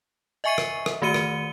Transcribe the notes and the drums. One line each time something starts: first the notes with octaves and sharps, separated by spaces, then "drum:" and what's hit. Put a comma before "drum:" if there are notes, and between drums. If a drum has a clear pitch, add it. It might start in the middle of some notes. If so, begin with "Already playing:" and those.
D#5 E5 G#5 C#6 C7 D#7
drum: rim click
drum: rim click
D#3 A3 F#4 C#7 D#7 G7
drum: rim click